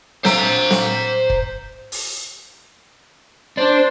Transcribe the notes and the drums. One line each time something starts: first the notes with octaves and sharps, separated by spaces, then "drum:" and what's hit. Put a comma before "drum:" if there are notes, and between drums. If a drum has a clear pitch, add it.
C5 A#5, drum: snare C4
drum: snare C4
drum: kick
drum: open hi-hat
D4 C5